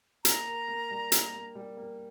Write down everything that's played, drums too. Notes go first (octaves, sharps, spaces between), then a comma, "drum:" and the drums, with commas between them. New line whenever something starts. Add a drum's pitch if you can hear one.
A#3 A#5, drum: hi-hat
A#4
A#3
G3
A#3, drum: hi-hat
A#3
G3
A#3